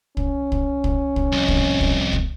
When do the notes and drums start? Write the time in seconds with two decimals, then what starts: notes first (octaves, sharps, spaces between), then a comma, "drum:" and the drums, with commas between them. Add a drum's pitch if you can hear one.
0.17 C#4, drum: kick
0.52 drum: kick
0.84 drum: kick
1.16 drum: kick
1.32 C2 F2
1.48 drum: kick
1.81 drum: kick
2.13 drum: kick